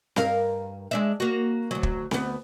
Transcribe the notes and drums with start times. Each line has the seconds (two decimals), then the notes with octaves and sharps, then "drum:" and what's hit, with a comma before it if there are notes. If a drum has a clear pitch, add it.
0.16 G2 A#4 F5, drum: snare C4
0.91 G#3 D4 E5
1.20 A#3 F#4
1.71 D2 F#3
1.83 drum: kick
2.11 D2 B3, drum: snare C4